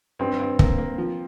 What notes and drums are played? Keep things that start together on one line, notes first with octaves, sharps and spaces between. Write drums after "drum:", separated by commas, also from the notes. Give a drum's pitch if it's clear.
G2 C4
G2
A#3, drum: kick
A#3
F3